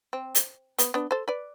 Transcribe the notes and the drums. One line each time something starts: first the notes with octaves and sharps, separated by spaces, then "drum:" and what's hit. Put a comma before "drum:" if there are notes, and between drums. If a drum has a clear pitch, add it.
C4
drum: hi-hat
B3, drum: hi-hat
B3 D4
A4 C5
B4 D5